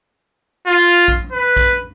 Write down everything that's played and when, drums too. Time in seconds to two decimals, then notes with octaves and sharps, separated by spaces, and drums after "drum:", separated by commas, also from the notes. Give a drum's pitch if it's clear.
0.67 F4
1.08 drum: kick A#1
1.32 B4
1.57 drum: kick A#1